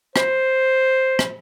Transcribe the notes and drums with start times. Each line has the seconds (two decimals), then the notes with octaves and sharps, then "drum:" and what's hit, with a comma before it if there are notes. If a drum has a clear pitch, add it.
0.16 C5, drum: rim click
1.19 drum: rim click